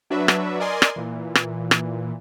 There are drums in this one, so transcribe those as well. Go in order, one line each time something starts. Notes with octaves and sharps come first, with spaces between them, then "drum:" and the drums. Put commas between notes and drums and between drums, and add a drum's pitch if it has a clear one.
F#3 D4 F#4 B4 E5
drum: rim click
A#4 D5 D#5 G#5 C6
drum: rim click
A#2 E3
drum: rim click
drum: rim click